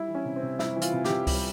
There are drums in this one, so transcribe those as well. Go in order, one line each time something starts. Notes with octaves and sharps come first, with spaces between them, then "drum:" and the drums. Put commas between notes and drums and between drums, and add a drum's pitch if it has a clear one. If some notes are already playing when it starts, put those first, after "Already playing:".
Already playing: G3 E4
E3
C#4
C3
C4
C3
G3 E4, drum: snare
E3
F4, drum: hi-hat
C3
G4, drum: snare
C3
G3 G4, drum: kick C#2, open hi-hat